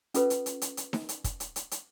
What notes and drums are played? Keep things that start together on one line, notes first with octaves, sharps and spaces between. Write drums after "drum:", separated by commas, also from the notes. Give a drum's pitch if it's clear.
C#4 F4 A4 B4, drum: hi-hat
drum: hi-hat
drum: hi-hat
drum: hi-hat
drum: hi-hat
drum: snare D#4
drum: hi-hat
drum: kick, hi-hat
drum: hi-hat
drum: hi-hat
drum: hi-hat